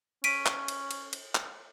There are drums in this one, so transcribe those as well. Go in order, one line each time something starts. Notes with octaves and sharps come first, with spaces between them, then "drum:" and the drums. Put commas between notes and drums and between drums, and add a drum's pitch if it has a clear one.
C#4 B6 D7 D#7, drum: cymbal
drum: clap
drum: cymbal
drum: cymbal
drum: cymbal
drum: clap